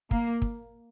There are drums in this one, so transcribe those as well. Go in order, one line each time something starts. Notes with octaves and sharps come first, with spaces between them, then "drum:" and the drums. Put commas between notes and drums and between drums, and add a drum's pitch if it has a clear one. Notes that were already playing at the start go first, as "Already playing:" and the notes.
A#3, drum: kick
drum: kick